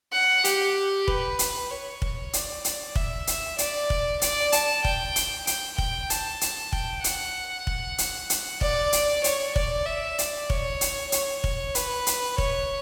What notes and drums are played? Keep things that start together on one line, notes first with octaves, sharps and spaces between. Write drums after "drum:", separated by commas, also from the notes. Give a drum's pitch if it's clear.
F#5
G4, drum: hi-hat
B4, drum: kick
drum: hi-hat
C#5
drum: kick
D5, drum: hi-hat
drum: hi-hat
E5, drum: kick
drum: hi-hat
D5, drum: hi-hat
drum: kick
D5, drum: hi-hat
A5, drum: hi-hat
G5, drum: kick
drum: hi-hat
G5, drum: hi-hat
G5, drum: kick
A5, drum: hi-hat
drum: hi-hat
G5, drum: kick
F#5, drum: hi-hat
drum: kick
drum: hi-hat
drum: hi-hat
D5, drum: kick
drum: hi-hat
C#5, drum: hi-hat
D5, drum: kick
E5
D5, drum: hi-hat
C#5, drum: kick
drum: hi-hat
C#5, drum: hi-hat
drum: kick
B4, drum: hi-hat
drum: hi-hat
C#5, drum: kick